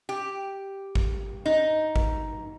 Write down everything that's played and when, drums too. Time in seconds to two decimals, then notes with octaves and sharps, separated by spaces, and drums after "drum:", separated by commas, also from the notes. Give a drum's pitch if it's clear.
0.09 G4
0.95 drum: kick G#1
1.46 D#4
1.96 drum: kick G#1